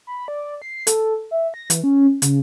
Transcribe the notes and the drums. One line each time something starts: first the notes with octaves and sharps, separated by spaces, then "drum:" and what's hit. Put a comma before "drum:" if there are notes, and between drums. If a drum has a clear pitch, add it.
B5
D5
C7
A4, drum: hi-hat
E5
A#6
E3, drum: hi-hat
C#4
C#3, drum: hi-hat